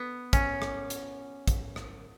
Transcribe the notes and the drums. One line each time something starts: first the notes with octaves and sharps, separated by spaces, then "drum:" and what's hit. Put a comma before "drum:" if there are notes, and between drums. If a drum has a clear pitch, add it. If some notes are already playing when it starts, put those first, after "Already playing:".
Already playing: B3
C#4, drum: kick, hi-hat
drum: rim click
drum: hi-hat
drum: kick, hi-hat
drum: rim click